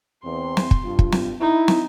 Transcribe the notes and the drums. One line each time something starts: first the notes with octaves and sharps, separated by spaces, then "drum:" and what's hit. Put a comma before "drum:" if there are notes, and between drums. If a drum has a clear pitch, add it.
E2 C4 C6
drum: snare
drum: kick
G2 F4
drum: kick
drum: snare
D#4 E4
drum: snare